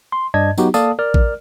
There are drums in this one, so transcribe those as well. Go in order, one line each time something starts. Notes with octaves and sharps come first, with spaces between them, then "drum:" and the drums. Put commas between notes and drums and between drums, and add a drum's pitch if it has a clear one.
C6
G2 D5 D#5 A5 G#6
F#3 B3 D#4 F#4 G4, drum: tambourine
A#3 A4 D5 F5 A5 D#6, drum: tambourine
A#4 D5 F6
drum: kick A1